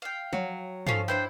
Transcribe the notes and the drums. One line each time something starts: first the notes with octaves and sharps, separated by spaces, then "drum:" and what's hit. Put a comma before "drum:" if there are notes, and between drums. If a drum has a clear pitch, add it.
F5 G5
F#3, drum: tom F3
F3 C#4 A4 F5, drum: tom G2
D4 E4 C5 G5